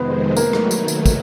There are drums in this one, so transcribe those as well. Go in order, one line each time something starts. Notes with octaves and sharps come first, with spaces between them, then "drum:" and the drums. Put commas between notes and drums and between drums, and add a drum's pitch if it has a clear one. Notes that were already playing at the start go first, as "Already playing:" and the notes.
Already playing: F2 C3 D#3 G#3 B3 C4
D#3 F#3 A3 A#3, drum: tambourine
drum: rim click
drum: tambourine
drum: tambourine
drum: kick, tambourine